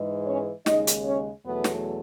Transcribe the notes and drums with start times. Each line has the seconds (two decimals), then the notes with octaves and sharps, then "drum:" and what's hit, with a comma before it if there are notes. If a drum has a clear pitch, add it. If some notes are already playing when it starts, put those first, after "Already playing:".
Already playing: G#2 E3 G#3
0.27 C#4 C#5
0.66 D#2 C#3 G#3 D#4 D#5, drum: snare
0.87 drum: hi-hat
1.05 C#4 C#5
1.45 E2 B2 F#3 A3 B3 B4
1.64 drum: snare